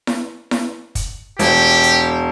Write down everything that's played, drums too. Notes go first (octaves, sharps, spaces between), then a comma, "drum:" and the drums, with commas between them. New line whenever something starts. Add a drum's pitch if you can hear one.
drum: snare E4
drum: snare E4
drum: kick, hi-hat
E1 G4, drum: hi-hat
drum: hi-hat